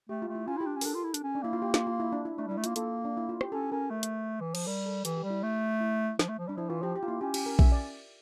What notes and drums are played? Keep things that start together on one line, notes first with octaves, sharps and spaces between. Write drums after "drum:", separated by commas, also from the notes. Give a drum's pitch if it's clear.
A3 G4
F4
A3
E4
C#4 F4
E4 G4
D4
C#4
A#4, drum: open hi-hat
D4 A4
F4
E4
D4, drum: hi-hat
C#4
D4
A#3 E4
F4
G4
F4, drum: snare
F4
E4
D4
E4
A3 D4
G3
E4
A3
A#3 F4, drum: hi-hat
A#3 A4, drum: hi-hat
D4
E4
F4
G4, drum: rim click
C#4 A4
C#4 A#4
A3
drum: hi-hat
E3
F3, drum: cymbal
G3 A#4
A4
E3 G4, drum: hi-hat
G4
G3
E4
A3
E4
F3, drum: snare
A3
F3
G3 D4
F3 E4
E3 F4
F3 G4
G4
F4
A#3 E4
C#4 G4
G4, drum: cymbal
A#4
E5, drum: kick A#1
D5